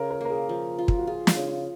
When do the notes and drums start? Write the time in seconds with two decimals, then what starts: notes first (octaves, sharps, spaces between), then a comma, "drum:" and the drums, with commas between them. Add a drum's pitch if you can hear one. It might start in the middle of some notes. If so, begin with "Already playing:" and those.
Already playing: C#3 A#4
0.11 A#4
0.21 A#3 A#4
0.30 G#4
0.49 F3
0.79 F4
0.88 drum: kick
0.99 F#4
1.07 F4 G#4
1.27 drum: snare
1.37 C#3